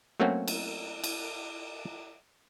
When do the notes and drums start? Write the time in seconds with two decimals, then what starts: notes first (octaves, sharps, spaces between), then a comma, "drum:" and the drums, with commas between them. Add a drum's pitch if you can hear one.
0.20 F#3 A3 A#3 C4 C#4 F#4
0.48 drum: cymbal
1.04 drum: cymbal